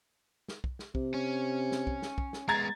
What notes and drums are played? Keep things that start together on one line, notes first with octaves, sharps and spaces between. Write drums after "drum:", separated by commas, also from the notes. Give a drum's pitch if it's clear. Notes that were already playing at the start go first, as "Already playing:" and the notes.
drum: snare
drum: kick
drum: snare
C3, drum: kick
C#4
drum: snare
drum: kick
drum: snare
drum: kick
drum: snare
G#3 B3 A#5 G#6 A6